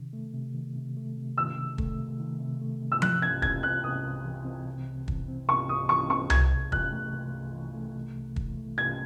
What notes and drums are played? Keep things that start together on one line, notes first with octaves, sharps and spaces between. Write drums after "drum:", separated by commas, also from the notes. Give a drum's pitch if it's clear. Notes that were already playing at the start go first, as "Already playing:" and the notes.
Already playing: C3 D#3
A3
C3
D#3
C3
A3
C3
D#3 E6
C3
A3, drum: kick
C3
D#3
C3
A3
C3
E6
C3 F#6, drum: tom F3
C2 G#6
E3 G#6, drum: kick
C4 F#6
C3 D#6
C2
E3
C4
C3
C2
E3, drum: kick
C4
C3 C#6
C2 D#6
E3 C#6
C4 C#6
C3 G#6, drum: tom C2
C2
E3 F#6, drum: kick
A3
C3
C2
E3
A3
C3
C2
E3, drum: kick
A3
C3 G#6